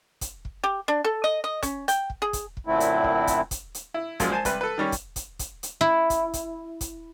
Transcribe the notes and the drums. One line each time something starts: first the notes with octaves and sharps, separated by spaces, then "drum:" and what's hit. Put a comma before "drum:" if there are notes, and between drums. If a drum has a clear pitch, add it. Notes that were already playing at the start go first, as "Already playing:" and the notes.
drum: kick, hi-hat
drum: kick
G4
D4
A4
D#5
D#5
C#4, drum: kick, hi-hat
G5, drum: hi-hat
drum: kick
G#4
drum: kick, hi-hat
drum: kick
F#2 A#2 D3 A3 C4 E4
drum: hi-hat
drum: kick
drum: kick, hi-hat
drum: kick, hi-hat
drum: hi-hat
E4
F#2 A#2 F3 F#3 G#3, drum: kick, hi-hat
C5 G#5 A5
C3 G3 B4, drum: kick, hi-hat
A4 B4
D#3 G3 C#4
drum: kick, hi-hat
drum: kick, hi-hat
drum: kick, hi-hat
drum: hi-hat
E4
drum: kick, hi-hat
drum: kick, hi-hat
drum: kick, hi-hat